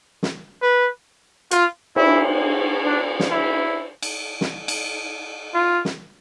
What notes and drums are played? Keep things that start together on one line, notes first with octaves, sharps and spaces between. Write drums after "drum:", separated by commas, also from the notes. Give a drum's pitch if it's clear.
drum: snare
B4
F4, drum: hi-hat
E4, drum: cymbal
D4
drum: snare
E4
drum: cymbal
drum: snare
drum: cymbal
F4
drum: snare